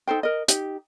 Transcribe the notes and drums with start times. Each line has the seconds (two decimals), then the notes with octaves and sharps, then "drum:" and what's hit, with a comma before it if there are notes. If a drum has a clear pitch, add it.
0.07 D#4 A4 C5 G5
0.23 A#4 D#5
0.48 D#4 G4, drum: hi-hat